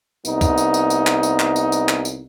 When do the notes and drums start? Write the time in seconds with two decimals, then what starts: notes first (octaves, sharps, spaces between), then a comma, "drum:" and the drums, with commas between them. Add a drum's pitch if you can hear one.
0.25 C2 B3 D#4, drum: tambourine
0.41 drum: kick, tambourine
0.58 drum: tambourine
0.74 drum: tambourine
0.90 drum: tambourine
1.07 drum: clap
1.23 drum: tambourine
1.39 drum: clap
1.56 drum: tambourine
1.72 drum: tambourine
1.89 drum: clap
2.05 drum: tambourine